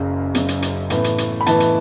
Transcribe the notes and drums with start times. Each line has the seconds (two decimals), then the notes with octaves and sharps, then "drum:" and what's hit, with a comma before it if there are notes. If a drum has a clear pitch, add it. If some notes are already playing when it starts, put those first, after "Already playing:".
Already playing: F#1 F#2 C#3
0.35 F#1 F#2 C#3, drum: hi-hat
0.48 drum: hi-hat
0.62 drum: hi-hat
0.90 A2 E3 B3 E4, drum: hi-hat
1.04 drum: hi-hat
1.18 drum: hi-hat
1.41 B5
1.46 A2 E3 B3 E4 A5, drum: hi-hat
1.60 drum: hi-hat